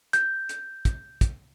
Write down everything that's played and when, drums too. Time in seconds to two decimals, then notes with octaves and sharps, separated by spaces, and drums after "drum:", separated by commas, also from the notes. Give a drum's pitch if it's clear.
0.13 G6, drum: hi-hat
0.49 drum: hi-hat
0.85 drum: kick, hi-hat
1.21 drum: kick, hi-hat